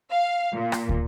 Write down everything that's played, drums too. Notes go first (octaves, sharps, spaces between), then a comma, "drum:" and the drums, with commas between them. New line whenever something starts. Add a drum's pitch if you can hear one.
F5
A#2
drum: rim click
drum: kick